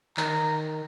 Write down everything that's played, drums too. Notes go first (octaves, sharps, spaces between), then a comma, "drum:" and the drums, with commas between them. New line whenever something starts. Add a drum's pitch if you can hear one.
D#3 A#5, drum: clap